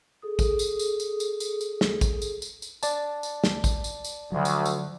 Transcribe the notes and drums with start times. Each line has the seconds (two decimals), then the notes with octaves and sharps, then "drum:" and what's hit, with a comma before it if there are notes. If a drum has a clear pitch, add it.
0.22 G#4 A4 D#6
0.39 drum: kick, tambourine
0.59 drum: tambourine
0.79 drum: tambourine
1.00 drum: tambourine
1.20 drum: tambourine
1.40 drum: tambourine
1.61 drum: tambourine
1.81 drum: snare
2.01 drum: kick, tambourine
2.22 drum: tambourine
2.42 drum: tambourine
2.62 drum: tambourine
2.83 D5 A5, drum: tambourine
3.23 drum: tambourine
3.44 drum: snare
3.64 drum: kick, tambourine
3.84 drum: tambourine
4.05 drum: tambourine
4.32 D2 D3 F3 F#3
4.45 drum: tambourine
4.65 drum: tambourine